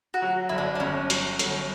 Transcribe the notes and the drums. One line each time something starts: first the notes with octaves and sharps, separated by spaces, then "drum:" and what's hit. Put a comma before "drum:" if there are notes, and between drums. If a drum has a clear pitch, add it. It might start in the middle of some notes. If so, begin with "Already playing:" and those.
F#4
F#3
G1 E4
D4
D4
G1 C#4
F#3, drum: hi-hat
G1, drum: hi-hat